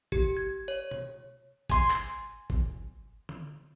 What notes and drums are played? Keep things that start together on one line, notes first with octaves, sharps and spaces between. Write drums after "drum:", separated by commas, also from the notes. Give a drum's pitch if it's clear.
G4, drum: kick G1
G#6
C#5
drum: tom B2
G#5 C6, drum: kick G1
drum: clap
drum: kick G1
drum: tom D3